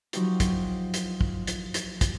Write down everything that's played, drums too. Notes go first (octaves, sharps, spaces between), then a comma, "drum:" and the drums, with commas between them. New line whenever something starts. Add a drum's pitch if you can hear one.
F3 F#3 D#4 G4, drum: hi-hat
drum: kick, hi-hat
drum: hi-hat
drum: kick
drum: hi-hat
drum: hi-hat
drum: kick, hi-hat